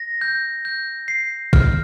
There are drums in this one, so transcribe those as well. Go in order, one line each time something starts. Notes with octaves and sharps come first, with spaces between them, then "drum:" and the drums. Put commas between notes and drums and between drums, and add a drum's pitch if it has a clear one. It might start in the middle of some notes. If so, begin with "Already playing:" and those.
Already playing: A#6
G6
G6
C7
F6, drum: kick